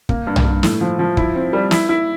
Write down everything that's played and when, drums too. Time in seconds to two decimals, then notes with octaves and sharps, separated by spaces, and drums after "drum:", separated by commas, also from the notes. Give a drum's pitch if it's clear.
0.09 A#3, drum: kick
0.27 G2
0.36 drum: tom B1
0.45 G2
0.63 A2, drum: snare
0.81 F3
0.99 F3
1.17 E4, drum: kick
1.35 C4
1.53 G3
1.71 E4, drum: snare
1.89 E4